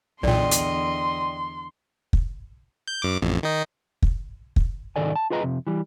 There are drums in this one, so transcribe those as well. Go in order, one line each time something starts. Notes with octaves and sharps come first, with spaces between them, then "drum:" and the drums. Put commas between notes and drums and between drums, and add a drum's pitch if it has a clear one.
B1 E2 A#2 D3 D5 D#5 G5 C6
drum: hi-hat
drum: kick
G6
F#2 D6
A1 F2
D#3 D#4
drum: kick
drum: kick
C2 G#2 D#3 A4 D5 G#5
A5
F4 G#4 B4 D#5 A#5
F2 C3
E3 G3